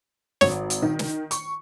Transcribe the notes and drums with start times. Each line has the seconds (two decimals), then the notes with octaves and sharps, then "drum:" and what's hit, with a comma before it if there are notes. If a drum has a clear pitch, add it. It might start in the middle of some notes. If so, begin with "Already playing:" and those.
0.41 G#1 C#5, drum: snare
0.70 drum: hi-hat
0.82 D#3
0.99 drum: snare
1.31 C#6, drum: hi-hat